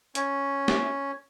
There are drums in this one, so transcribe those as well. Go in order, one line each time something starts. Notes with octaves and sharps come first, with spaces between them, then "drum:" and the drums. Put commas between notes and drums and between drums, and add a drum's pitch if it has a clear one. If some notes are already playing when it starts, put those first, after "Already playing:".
C#4, drum: hi-hat
drum: snare